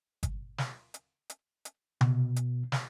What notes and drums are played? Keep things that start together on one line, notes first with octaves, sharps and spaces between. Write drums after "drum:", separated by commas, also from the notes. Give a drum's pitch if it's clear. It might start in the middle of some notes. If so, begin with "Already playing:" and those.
drum: kick G1, hi-hat
drum: snare
drum: hi-hat
drum: hi-hat
drum: hi-hat
B2, drum: tom C3
drum: hi-hat
drum: snare